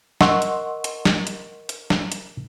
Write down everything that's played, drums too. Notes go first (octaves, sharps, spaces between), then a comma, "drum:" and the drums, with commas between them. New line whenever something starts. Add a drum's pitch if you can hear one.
A#4 D#5 F#5 C6 C#6 E6, drum: snare
drum: hi-hat
drum: hi-hat
drum: snare
drum: hi-hat
drum: hi-hat
drum: snare
drum: hi-hat